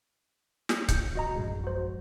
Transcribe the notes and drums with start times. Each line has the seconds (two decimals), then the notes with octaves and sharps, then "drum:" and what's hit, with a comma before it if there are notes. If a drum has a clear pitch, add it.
0.69 drum: snare
0.88 D#2 C3 G6 C#7, drum: kick C#1, hi-hat
1.15 D#3 C4 F#4 D#5 A#5
1.36 D1 A1 F#2 F3 G#3
1.64 F#4 C5